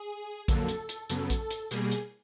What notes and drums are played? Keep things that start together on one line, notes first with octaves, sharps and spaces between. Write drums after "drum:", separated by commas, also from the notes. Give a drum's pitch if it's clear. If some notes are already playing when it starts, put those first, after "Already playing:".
Already playing: G#4
F2 D3 F#3 A#3 A4, drum: kick A#1, hi-hat
drum: hi-hat
drum: hi-hat
F#2 C#3 F#3 B3 A4, drum: hi-hat
drum: kick A#1, hi-hat
drum: hi-hat
B2 G3 A#3 G#4, drum: hi-hat
drum: hi-hat